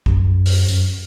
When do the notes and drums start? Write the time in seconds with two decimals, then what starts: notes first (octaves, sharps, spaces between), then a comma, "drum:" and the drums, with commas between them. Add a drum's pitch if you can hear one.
0.06 F#2, drum: kick
0.46 drum: open hi-hat
0.68 F#2, drum: tambourine